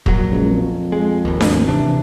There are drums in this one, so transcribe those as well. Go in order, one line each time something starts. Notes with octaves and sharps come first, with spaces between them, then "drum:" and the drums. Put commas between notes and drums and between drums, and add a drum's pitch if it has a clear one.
A#1 F#3, drum: kick
C#2
F2
G#3
G#1 D#2
drum: snare D4
C3 E3 D4